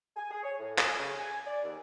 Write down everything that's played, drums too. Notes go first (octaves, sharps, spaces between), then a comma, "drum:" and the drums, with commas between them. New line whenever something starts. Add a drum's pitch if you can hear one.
G#5
G#4
C#5
A2
G#5, drum: clap
C#3
G#5
D5
D#2